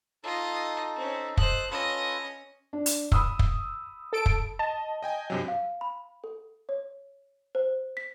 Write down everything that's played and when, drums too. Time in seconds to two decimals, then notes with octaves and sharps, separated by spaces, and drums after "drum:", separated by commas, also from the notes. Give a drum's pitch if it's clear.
0.24 D#4 F4 A4 D#5
0.95 C4 C#4
1.37 A4 C5 D#5 F#6, drum: kick
1.71 C#4 F4 A4 B4 D#5
2.73 D4
2.86 drum: hi-hat
3.12 B5 D#6 E6, drum: kick
3.39 drum: kick
4.13 A4 D7
4.26 drum: kick
4.59 D#5 A5
5.03 D#5 G5 G#5
5.30 G2 C3 F#3
5.48 F5
5.81 B5
6.24 A4
6.69 C#5
7.55 C5
7.97 B6